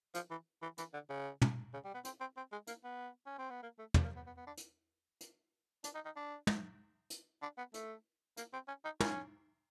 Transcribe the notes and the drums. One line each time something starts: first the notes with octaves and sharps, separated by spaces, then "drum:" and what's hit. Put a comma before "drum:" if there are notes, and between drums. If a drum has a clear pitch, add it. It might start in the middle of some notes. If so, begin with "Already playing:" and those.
F3, drum: hi-hat
E3
E3
E3, drum: hi-hat
D3
C#3
drum: tom
C#3
G3
B3
C4, drum: hi-hat
C4
C4
G#3
A#3, drum: hi-hat
B3
C#4
C4
B3
A#3
A3
drum: tom
A#3
B3
B3
B3
D4
drum: hi-hat
drum: hi-hat
D4, drum: hi-hat
D#4
D#4
D4
drum: tom
drum: hi-hat
D4
B3
A3, drum: hi-hat
A#3, drum: hi-hat
C4
C#4
D#4
C#4, drum: tom